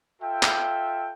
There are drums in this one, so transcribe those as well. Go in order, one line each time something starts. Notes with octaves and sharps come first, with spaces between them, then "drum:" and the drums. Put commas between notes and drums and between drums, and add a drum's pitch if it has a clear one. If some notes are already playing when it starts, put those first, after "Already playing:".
F4 A4 E5 G5
drum: clap